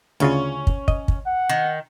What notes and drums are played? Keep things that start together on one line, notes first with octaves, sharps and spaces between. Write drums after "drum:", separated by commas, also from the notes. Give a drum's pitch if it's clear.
D2 C#3 C#4 F4
drum: kick
D#5, drum: kick
drum: kick
F#5
D#3